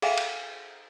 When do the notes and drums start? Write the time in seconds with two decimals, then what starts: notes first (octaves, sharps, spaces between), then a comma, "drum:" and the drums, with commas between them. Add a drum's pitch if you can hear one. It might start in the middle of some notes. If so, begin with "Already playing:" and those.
0.02 G#4 A4 E5 F5 G5 G#5, drum: cymbal
0.18 drum: cymbal